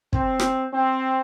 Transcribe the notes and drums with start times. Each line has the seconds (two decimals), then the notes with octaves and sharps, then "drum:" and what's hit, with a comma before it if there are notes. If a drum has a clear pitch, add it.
0.13 C4, drum: kick
0.40 drum: rim click
0.73 C4